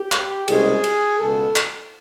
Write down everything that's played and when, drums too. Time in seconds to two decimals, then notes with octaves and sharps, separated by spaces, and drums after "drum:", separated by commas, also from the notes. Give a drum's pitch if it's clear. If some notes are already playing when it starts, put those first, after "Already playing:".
Already playing: G4
0.12 drum: clap
0.48 C2 B2 G#3 C#4 G#4, drum: cymbal
0.84 drum: cymbal
1.19 C#2 B2 A4
1.56 drum: clap